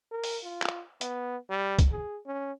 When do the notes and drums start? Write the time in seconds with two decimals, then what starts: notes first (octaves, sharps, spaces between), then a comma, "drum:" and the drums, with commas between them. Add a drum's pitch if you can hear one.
0.11 A#4
0.24 drum: open hi-hat
0.43 F4
0.62 drum: clap
1.01 B3, drum: hi-hat
1.50 G3
1.79 drum: kick, hi-hat
1.92 G#4
2.26 C#4